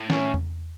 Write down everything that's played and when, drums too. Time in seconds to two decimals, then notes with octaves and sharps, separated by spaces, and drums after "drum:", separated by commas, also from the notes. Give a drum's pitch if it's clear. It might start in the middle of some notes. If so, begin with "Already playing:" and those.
Already playing: A2
0.10 C#4, drum: snare
0.34 drum: tom E2